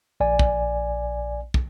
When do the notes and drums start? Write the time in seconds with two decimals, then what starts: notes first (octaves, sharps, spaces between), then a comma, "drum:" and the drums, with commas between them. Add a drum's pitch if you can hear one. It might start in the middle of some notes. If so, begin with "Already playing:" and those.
0.20 A#1 D5 G#5
0.39 drum: kick
1.54 drum: kick